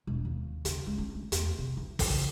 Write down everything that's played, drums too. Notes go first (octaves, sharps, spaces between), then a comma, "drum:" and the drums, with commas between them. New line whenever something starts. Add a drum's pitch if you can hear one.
E1
D#2
C#3, drum: hi-hat
C#2
C#4
A3
E2, drum: hi-hat
C3
E3
drum: kick, open hi-hat
C#3